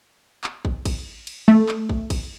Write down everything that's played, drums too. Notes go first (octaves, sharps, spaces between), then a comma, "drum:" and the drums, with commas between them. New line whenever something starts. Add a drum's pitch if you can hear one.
drum: clap
drum: kick
drum: kick, cymbal
drum: cymbal
A3
drum: clap
drum: kick
drum: kick, cymbal